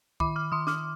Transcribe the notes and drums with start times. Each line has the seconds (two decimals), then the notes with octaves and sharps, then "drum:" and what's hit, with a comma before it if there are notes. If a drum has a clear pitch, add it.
0.20 D#3 B5 D6, drum: kick
0.36 D6 F6
0.52 D#3 C6 D#6
0.67 D6 F6, drum: snare